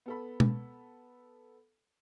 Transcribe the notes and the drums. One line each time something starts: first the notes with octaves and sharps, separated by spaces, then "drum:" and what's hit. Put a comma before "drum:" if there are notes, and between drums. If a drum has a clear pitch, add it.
B3 A4 B5
drum: tom